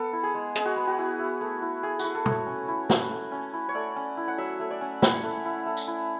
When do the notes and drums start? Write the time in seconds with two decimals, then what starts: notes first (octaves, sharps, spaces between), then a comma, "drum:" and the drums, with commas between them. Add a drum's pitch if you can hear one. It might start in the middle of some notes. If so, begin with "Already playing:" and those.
Already playing: B3 A4
0.13 E4
0.23 G#4
0.35 G#3
0.56 G#3 G#4, drum: hi-hat
0.65 F#4
0.76 B3
0.87 F#4
0.98 E4
1.19 E4
1.41 A3
1.62 E4
1.83 A3 G#4
1.99 E4 F#4, drum: tambourine
2.15 A4
2.26 A3, drum: tom
2.31 C#5
2.47 C#4
2.68 E4
2.90 A3, drum: snare
3.11 A3
3.32 C#4
3.53 E4
3.69 C#5
3.74 A3 D5
3.96 C#4
4.17 E4
4.28 F#5
4.38 F#3 E5
4.60 A3
4.71 D5
4.81 C#4
5.02 E4 F#5, drum: snare
5.24 A3
5.45 E4
5.66 A3
5.77 drum: tambourine
5.88 E4